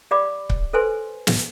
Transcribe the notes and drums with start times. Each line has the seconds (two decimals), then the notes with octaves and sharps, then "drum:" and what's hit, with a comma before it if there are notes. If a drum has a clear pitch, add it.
0.11 G4 D5 F5 B5 D6
0.50 drum: kick C#1
0.73 A4 B4 C5 G#5 C6
1.27 drum: snare